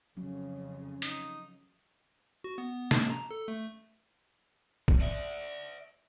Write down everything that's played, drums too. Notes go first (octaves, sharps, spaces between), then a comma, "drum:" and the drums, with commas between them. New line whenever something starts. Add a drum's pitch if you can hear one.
F2 C#3 F3 F#3 C#4
D#4, drum: hi-hat
F#4
B3
A5, drum: snare
A#5
A4
A3
drum: kick A1
D5 E5